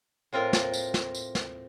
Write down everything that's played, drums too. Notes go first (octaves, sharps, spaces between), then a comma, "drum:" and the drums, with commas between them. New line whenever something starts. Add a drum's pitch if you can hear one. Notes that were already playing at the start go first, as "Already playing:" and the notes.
A2 C4 F4 A#4 F5
drum: snare
drum: tambourine
drum: snare
drum: tambourine
drum: snare